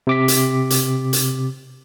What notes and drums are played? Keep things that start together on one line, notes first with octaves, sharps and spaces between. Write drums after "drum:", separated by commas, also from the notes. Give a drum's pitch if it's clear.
C3 D6 B6
drum: hi-hat
drum: hi-hat
drum: hi-hat